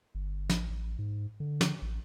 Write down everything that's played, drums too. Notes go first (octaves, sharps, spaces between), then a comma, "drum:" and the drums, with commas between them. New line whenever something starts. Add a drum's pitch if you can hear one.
G1
A1, drum: snare
A1
G#2
D3
drum: snare
A1